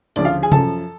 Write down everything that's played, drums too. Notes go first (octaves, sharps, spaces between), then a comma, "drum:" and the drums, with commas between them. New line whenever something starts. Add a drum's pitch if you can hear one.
D2 C#3 F3 D4 D5, drum: hi-hat
F4 F5
G#4 G#5
F#2 F3 A4 A5, drum: tom C3